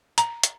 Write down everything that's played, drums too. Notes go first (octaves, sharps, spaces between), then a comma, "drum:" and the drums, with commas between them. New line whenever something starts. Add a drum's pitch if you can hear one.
A#5, drum: hi-hat
drum: hi-hat